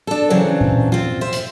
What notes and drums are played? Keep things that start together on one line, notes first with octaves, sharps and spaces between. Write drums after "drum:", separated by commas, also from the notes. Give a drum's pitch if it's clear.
D4 A4
C#3 E3 F#3 C4 D4
drum: tom A#2
C4 F4
C5 E5
drum: hi-hat